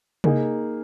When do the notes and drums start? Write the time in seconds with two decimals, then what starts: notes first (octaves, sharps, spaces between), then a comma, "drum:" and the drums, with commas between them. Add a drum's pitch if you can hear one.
0.24 A#3 D#4 G#4, drum: tom C3